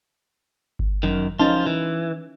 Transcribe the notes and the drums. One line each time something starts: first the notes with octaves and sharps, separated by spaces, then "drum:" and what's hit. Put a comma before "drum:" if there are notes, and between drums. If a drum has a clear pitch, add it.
drum: kick G1
F#2 D#3
F3 C#4 D#4 F4 A5
E3